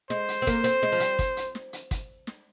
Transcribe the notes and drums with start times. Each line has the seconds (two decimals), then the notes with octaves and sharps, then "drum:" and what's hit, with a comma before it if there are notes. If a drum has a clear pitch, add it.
0.10 G#3 C5, drum: snare
0.28 drum: hi-hat
0.42 C4
0.47 A#3, drum: kick, hi-hat
0.64 C4, drum: hi-hat
0.83 G#3, drum: snare
0.92 F3
1.00 G3, drum: hi-hat
1.19 drum: kick, hi-hat
1.37 drum: hi-hat
1.55 drum: snare
1.73 drum: hi-hat
1.91 drum: kick, hi-hat
2.27 drum: snare